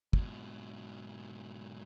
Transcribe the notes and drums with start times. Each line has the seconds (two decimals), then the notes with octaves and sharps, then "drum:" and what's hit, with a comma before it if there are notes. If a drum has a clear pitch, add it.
0.13 G#2 B2, drum: kick